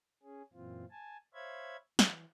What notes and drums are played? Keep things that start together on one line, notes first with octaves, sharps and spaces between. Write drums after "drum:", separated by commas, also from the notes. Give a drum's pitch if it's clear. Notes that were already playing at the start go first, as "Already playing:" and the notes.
C#4 G#4
F#2 A#2 E3 C4 F4
G#5 A5
C5 C#5 E5 F5 B5 G#6
E3, drum: snare